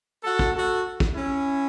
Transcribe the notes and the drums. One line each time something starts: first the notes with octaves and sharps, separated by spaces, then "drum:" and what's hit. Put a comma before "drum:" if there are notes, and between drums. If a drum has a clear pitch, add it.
F#4 A4
drum: kick
F#4 A4
drum: kick
C#4 E4